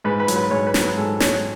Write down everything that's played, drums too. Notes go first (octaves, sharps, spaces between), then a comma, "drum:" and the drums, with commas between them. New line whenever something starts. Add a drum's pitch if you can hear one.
G#2 B4
B4
F#3, drum: hi-hat
B4
G#2 C#5
B4
F#3, drum: snare
B4
G#2 A4
F#3 C#5, drum: snare